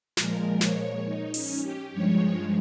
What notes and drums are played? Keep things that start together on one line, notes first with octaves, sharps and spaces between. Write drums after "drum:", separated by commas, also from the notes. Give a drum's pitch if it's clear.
A#2 F3 G#3 A#4, drum: snare
C#5, drum: snare
D#4
C#4, drum: open hi-hat
G4
G2 F3 G#3 C#5